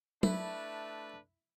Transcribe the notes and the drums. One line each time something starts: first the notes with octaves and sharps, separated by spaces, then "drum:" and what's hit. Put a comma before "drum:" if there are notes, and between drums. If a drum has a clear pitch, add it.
A3 D4 E4 B4, drum: tom F#3